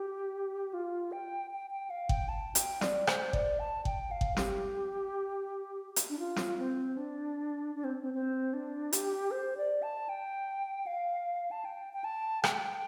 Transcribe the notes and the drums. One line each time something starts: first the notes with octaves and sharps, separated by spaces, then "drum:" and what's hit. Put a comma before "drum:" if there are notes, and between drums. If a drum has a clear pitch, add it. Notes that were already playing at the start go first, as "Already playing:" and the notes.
Already playing: G4
F4
G5
G5
G5
F5
G5, drum: kick G1
A5
G5, drum: hi-hat
D5, drum: snare
C5, drum: rim click
D5, drum: kick G1
A5
G5, drum: kick G1
F5
drum: kick G1
G4, drum: snare
drum: hi-hat
D4
F4
drum: snare
C4
D4
D4
C4
C4
C4
D4
G4, drum: hi-hat
C5
D5
A5
G5
F5
A5
G5
G5
A5
G5, drum: rim click